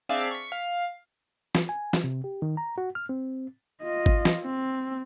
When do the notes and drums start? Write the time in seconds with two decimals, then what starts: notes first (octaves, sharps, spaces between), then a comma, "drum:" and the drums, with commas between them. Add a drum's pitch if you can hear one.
0.09 C4 D4 G#4 D5 E5 F5
0.31 C#6 B6
0.52 F5
1.55 drum: snare
1.69 G#5
1.93 drum: snare
2.04 C3
2.24 G4
2.42 D#3
2.57 A#5
2.78 F#4
2.95 F6
3.09 C4
3.82 F4 D#5
4.06 drum: kick G#1
4.25 drum: snare
4.43 C4